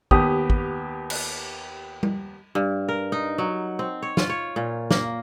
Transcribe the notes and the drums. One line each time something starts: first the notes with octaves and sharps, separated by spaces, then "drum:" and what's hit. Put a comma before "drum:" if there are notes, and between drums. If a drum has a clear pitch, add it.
D#2 B3 G4 D#6, drum: kick
drum: kick
drum: cymbal
drum: tom G3
G2
A#4
D#4
F#3
C4
C#5
F4, drum: snare
C#5
A#2
A#3, drum: snare